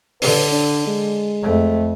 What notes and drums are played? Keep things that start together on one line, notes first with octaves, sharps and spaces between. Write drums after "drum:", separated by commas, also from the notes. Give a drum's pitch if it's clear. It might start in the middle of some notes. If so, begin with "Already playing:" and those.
D3 B4, drum: open hi-hat
D4
G#3
F2 A3